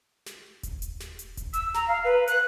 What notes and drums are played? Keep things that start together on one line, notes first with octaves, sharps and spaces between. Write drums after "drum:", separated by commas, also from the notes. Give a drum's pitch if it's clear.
drum: snare
drum: kick D#1, hi-hat
drum: hi-hat
drum: snare
drum: hi-hat
drum: kick D#1, hi-hat
E6, drum: hi-hat
A#5, drum: snare
F5
B4
F#6, drum: hi-hat